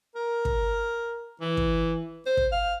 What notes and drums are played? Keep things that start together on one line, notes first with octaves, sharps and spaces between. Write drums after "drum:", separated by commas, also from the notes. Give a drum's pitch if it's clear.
A#4
drum: kick
E3
drum: kick
C5
drum: kick
F5